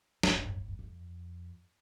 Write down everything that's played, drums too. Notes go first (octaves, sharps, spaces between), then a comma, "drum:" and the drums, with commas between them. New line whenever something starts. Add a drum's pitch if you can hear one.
G#2, drum: snare
G#2
F2
F#2
G#2
F2
F2